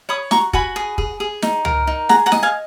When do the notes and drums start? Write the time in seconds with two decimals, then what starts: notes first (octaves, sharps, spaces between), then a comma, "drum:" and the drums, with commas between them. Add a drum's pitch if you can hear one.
0.09 C#5 B5 D#6
0.31 F#4 A#5 C#6, drum: snare
0.53 F#4 G#5 B5, drum: kick
0.76 G#4
0.98 G#4, drum: kick
1.20 G#4
1.42 D#4, drum: snare
1.65 A#4, drum: tom
1.87 D#4
2.09 G#4 F#5 A#5, drum: snare
2.26 F#5 A#5
2.32 D#5, drum: snare
2.43 F5 G#5